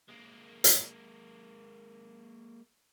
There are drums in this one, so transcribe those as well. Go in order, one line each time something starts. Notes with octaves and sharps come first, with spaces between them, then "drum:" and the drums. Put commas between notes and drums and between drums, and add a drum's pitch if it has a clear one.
G#3 A#3
drum: hi-hat